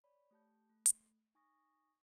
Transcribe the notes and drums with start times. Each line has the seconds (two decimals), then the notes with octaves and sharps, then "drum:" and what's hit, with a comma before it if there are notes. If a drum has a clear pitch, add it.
0.04 C#5 D5 B5
0.31 A3 G4 A5 G6
0.70 A3
0.86 drum: hi-hat
1.35 D#4 G#5 C#6 D#6 A#6